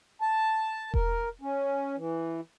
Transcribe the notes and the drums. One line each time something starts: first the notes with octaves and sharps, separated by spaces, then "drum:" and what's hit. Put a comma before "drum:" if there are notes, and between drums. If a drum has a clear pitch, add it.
A5
A#4, drum: kick E1
C#4
E3